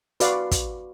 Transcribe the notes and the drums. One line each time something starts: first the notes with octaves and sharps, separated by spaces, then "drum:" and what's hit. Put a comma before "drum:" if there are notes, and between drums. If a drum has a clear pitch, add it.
F#4 B4 D5 F5, drum: hi-hat
drum: kick, hi-hat